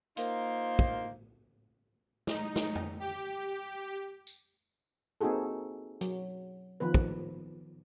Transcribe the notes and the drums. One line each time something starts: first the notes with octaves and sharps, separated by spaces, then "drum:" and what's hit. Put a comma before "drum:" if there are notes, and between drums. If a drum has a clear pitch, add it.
A#3 D#4 F4 A#4 C5, drum: hi-hat
drum: kick
D#4, drum: snare
drum: snare
drum: tom F2
G4
drum: tambourine
A#3 C4 D#4 F#4 G#4 A4
F#3, drum: hi-hat
D#3 F3 B3 B4
drum: kick